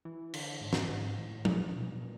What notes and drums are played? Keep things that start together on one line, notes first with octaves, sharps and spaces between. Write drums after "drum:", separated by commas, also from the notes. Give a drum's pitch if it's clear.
E3
D3, drum: cymbal
G#2
drum: snare
G#2
A2
A#2, drum: tom F3
B2
A#2